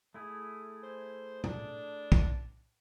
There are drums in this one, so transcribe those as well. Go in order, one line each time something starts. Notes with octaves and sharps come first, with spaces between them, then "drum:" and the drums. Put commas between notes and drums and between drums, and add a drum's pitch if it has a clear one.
A3 E4 G#4
C5
D4, drum: tom
drum: kick